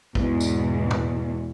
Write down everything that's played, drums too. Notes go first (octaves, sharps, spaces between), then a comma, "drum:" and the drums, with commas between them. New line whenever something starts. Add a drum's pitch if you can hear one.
E2 G#2 B2, drum: kick
drum: tambourine
drum: tom